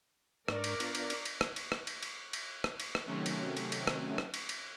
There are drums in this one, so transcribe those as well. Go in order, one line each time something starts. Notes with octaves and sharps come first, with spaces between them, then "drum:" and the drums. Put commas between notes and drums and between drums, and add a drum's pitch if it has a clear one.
G#2 D4 A#4 D5 C#6, drum: rim click
drum: cymbal
B3 D4 F4, drum: cymbal
drum: cymbal
drum: cymbal
drum: cymbal
drum: rim click
drum: cymbal
drum: rim click
drum: cymbal
drum: cymbal
drum: cymbal
drum: rim click
drum: cymbal
drum: rim click
C3 D#3 F#3 A3 C4 C#4
drum: cymbal
drum: cymbal
drum: cymbal
drum: rim click
drum: rim click
drum: cymbal
drum: cymbal